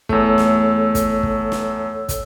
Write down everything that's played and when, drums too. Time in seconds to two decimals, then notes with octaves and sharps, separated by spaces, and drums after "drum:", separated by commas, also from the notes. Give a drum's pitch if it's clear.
0.09 E2 A3 A4 C#5 E6, drum: kick
0.38 drum: snare
0.95 drum: kick, hi-hat
1.23 drum: kick
1.52 drum: snare
2.09 drum: kick, hi-hat